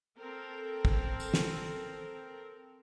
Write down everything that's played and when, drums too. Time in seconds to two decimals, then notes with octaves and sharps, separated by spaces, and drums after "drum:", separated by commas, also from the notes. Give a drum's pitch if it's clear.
0.18 C4 A4 A#4
0.85 drum: kick
1.20 drum: tambourine
1.34 drum: snare